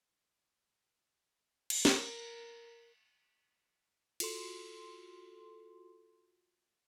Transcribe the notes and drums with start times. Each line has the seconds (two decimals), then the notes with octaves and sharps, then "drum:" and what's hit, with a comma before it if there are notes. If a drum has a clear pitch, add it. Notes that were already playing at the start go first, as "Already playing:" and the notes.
1.70 drum: cymbal
1.85 A#4, drum: snare
4.20 F4 F#4 A4 C6, drum: cymbal